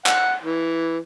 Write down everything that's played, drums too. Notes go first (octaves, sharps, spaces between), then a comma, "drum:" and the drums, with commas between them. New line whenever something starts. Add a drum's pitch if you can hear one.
F#5, drum: clap
E3